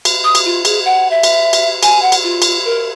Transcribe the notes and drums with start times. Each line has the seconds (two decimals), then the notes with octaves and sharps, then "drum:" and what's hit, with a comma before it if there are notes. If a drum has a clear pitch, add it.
0.05 drum: cymbal
0.24 D#6
0.35 drum: cymbal
0.45 F4
0.65 G#4, drum: cymbal
0.85 F#5
1.10 E5
1.23 drum: cymbal
1.53 drum: cymbal
1.83 G#5, drum: cymbal
2.02 F#5
2.12 drum: cymbal
2.23 F4
2.42 drum: cymbal
2.65 A#4